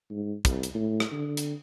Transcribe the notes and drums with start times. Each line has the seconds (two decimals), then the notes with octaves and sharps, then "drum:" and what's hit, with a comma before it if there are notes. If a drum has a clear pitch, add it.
0.10 G#2
0.45 C2, drum: kick, hi-hat
0.63 drum: hi-hat
0.74 A2
1.00 drum: rim click
1.12 D3
1.37 drum: hi-hat